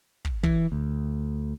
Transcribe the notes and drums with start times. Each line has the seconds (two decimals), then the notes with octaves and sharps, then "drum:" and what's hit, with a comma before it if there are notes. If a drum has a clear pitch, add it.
0.25 drum: kick
0.43 E3, drum: kick
0.72 D2